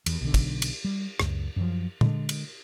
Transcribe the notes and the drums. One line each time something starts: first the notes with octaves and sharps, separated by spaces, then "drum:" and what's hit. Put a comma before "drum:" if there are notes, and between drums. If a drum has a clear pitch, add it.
E2, drum: cymbal
B1 D3
drum: kick, cymbal
drum: cymbal
G3
C#2 F#2, drum: rim click
F#2 F3
D3 G#3, drum: tom A#2
drum: cymbal